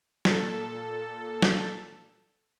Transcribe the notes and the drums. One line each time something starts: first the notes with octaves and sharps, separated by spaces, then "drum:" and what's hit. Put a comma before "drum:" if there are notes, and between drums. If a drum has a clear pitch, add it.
A#2 A4 A5, drum: snare
drum: snare